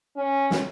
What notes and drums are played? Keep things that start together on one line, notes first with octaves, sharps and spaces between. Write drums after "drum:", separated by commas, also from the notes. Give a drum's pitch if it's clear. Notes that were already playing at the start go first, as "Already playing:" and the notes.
C#4
drum: snare